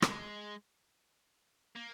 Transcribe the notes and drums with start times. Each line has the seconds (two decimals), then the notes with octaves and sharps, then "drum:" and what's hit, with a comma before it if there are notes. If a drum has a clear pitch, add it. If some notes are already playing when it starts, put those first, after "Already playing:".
0.02 G#3, drum: rim click
1.76 A#3